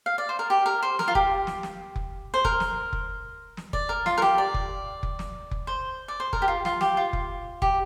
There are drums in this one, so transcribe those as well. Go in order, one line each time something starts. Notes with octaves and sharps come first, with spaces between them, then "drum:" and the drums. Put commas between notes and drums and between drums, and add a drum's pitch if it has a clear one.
F5
D5
C5
A#4
G4
A#4
C5
A#4, drum: snare
F4
G4, drum: kick F1
drum: snare
drum: snare
drum: kick F1
C5
A#4, drum: kick F1
drum: snare
drum: kick F1
drum: snare
D5, drum: kick F1
A#4
F4, drum: snare
A#4
G4, drum: snare
D5
drum: kick F1
drum: kick F1
drum: snare
drum: kick F1
C5
D5
C5
A#4, drum: kick F1
G4
F4
F4, drum: snare
G4, drum: snare
F4
drum: kick F1
G4, drum: kick F1